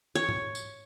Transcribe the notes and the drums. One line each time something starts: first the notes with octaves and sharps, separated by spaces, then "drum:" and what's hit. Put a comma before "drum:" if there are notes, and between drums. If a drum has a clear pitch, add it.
C#5
drum: tom G#2
drum: tambourine